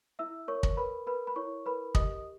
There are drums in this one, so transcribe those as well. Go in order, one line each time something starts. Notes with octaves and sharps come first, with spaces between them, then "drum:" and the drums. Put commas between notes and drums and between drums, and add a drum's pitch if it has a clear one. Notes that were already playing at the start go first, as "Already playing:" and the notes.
E4 E5 E6
A#4 C#5 C#6
drum: kick
A#4 B4 B5
A#4 B4 B5
B5
E4 C#5 C#6
A#4 B4 B5
G4 D#5 D#6, drum: kick